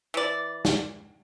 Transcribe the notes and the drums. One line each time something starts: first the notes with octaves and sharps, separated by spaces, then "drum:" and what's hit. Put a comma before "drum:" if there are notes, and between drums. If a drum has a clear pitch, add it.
E3 D5
drum: snare